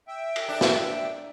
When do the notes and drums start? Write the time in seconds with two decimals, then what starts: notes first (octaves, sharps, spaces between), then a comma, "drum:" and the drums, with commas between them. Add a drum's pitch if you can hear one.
0.08 E5 G5
0.36 drum: cymbal
0.48 D4
0.61 drum: snare